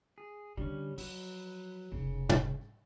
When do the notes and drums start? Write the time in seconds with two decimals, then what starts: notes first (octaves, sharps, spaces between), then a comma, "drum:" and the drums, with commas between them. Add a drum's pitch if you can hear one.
0.18 G#4
0.57 D3 G3 C#4
0.98 F3 F#3 B4, drum: open hi-hat
1.92 F1 C#3 D#4
2.29 drum: tom